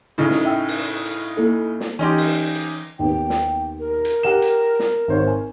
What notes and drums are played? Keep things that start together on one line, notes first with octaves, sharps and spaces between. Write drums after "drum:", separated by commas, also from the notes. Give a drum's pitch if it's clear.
A2 C#3 D#4
drum: snare
E5 G5 E6
drum: open hi-hat
drum: hi-hat
A#3 E4 A4
drum: snare
E3 C#4 D#4 G4 C6
drum: open hi-hat
drum: hi-hat
D#2 B3 G5
drum: snare
A#4
drum: hi-hat
G4 F#5 E7
drum: hi-hat
drum: snare
G#1 C5 C#5
G#5